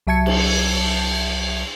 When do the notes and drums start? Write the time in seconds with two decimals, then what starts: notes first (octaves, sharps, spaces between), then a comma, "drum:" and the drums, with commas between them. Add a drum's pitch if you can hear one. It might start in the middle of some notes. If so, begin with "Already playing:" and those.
0.07 C2 F#3 E5 A5 G#6 C#7
0.26 drum: cymbal